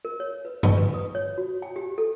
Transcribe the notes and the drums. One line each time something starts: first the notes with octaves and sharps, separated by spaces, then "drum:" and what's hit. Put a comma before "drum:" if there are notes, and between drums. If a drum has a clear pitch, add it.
A#4
C#5
B4
C#6, drum: tom G2
B4
D#6
C#5
F#4
G5
G4
A4